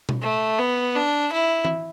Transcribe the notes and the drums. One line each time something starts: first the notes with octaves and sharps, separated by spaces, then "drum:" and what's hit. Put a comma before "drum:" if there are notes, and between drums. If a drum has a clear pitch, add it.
drum: tom B2
A3
B3
D4
E4
drum: tom E3